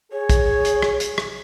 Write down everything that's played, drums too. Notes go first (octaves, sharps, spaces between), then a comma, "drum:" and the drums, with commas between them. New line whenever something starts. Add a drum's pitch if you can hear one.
G#4 C#5
drum: kick, hi-hat
drum: hi-hat
drum: rim click
drum: hi-hat
drum: rim click